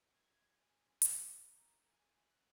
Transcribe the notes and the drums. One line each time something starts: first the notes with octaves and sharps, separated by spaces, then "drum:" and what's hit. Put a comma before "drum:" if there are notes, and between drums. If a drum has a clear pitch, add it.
G#6
G#5
F5, drum: hi-hat
A#5
G#5
F#6